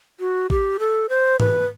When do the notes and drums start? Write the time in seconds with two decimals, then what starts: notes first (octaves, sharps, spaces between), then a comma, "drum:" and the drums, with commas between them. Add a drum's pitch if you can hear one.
0.20 F#4
0.50 G4, drum: kick A1
0.79 A4
1.09 C5
1.40 B4, drum: tom